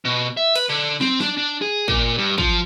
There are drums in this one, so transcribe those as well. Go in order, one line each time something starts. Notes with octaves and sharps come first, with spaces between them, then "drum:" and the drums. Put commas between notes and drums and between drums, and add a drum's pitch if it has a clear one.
B2
E5
B4, drum: cymbal
D3
C4, drum: snare
D4, drum: snare
D4
G#4
A#2, drum: kick
G2
F3, drum: kick